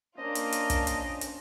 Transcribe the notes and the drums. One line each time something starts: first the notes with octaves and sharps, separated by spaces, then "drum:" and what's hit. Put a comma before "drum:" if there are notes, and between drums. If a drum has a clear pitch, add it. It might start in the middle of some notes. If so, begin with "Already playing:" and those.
A#3 C#4 D4 F4 C5 D#5
drum: hi-hat
drum: hi-hat
drum: kick, hi-hat
drum: hi-hat
drum: hi-hat